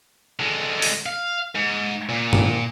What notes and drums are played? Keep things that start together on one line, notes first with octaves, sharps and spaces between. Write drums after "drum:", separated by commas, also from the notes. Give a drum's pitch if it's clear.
D3 G#3
drum: open hi-hat
F5
G#2
A#2
drum: tom